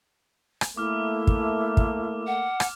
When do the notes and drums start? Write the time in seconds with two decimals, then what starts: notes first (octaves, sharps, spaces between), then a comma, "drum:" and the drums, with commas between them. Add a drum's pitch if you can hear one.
0.61 drum: rim click
0.77 A3 A#3 E4 D6 F6
1.27 drum: kick
1.77 drum: kick
2.27 F#5
2.60 drum: rim click